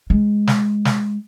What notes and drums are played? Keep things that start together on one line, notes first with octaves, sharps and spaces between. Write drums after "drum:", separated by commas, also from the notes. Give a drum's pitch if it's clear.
G#3
drum: snare
drum: snare